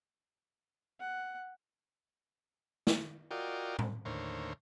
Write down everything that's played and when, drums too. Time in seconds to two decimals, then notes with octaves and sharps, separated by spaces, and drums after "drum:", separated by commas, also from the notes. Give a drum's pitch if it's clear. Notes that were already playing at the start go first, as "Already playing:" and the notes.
1.00 F#5
2.87 drum: snare
3.31 F4 F#4 A#4 D5 D#5 G5
3.79 drum: tom A2
4.05 D#2 A2 D3 A#4 C5 C#5